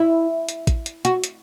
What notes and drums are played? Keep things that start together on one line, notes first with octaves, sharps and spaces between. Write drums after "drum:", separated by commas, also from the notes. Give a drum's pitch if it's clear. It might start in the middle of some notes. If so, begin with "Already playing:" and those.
Already playing: E4
drum: hi-hat
drum: kick A1, hi-hat
drum: hi-hat
F#4, drum: hi-hat
drum: hi-hat